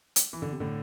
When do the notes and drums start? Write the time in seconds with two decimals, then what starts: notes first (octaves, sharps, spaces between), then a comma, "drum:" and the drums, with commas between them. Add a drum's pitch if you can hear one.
0.16 drum: hi-hat
0.33 E3
0.42 D3
0.52 C3
0.60 A2 D3